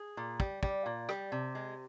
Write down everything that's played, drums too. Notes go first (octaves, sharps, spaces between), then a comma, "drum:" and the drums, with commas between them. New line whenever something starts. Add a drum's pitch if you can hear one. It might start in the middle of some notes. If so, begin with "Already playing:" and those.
Already playing: G#4
A#2
G3, drum: kick
G3, drum: kick
A#2
G3, drum: rim click
C3
G#3